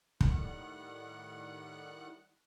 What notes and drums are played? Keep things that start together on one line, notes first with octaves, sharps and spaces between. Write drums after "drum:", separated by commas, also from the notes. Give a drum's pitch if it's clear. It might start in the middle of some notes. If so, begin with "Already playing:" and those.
A2 D#3 G3 F#5 F#6, drum: kick